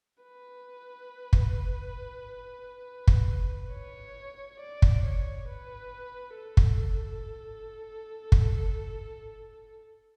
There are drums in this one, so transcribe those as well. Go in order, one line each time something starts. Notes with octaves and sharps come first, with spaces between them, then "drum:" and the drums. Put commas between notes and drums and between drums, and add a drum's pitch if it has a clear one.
B4
drum: kick
drum: kick
C#5
D5
drum: kick
C#5
B4
A4
drum: kick
drum: kick